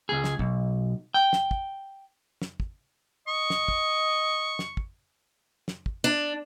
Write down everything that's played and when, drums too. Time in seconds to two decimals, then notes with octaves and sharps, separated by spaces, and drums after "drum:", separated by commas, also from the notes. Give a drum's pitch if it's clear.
0.09 C#2 G#4
0.24 drum: snare
0.39 B1, drum: kick
1.14 G5
1.33 drum: snare
1.51 drum: kick
2.42 drum: snare
2.60 drum: kick
3.28 D#5 C#6
3.50 drum: snare
3.68 drum: kick
4.59 drum: snare
4.77 drum: kick
5.68 drum: snare
5.86 drum: kick
6.04 D4